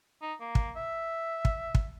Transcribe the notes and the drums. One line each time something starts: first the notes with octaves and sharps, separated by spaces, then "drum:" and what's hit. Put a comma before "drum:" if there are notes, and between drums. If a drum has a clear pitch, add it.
D#4
A#3
drum: kick
E5
drum: kick
drum: kick